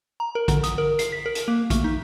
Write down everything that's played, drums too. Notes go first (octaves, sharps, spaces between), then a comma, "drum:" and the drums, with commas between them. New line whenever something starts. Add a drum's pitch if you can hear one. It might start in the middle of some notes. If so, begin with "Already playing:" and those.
A#5
A#4
D3, drum: kick A#1, hi-hat
D#6, drum: hi-hat
A#4
C7, drum: hi-hat
B6
A#4
drum: hi-hat
A#3
A3, drum: kick A#1, hi-hat
D#4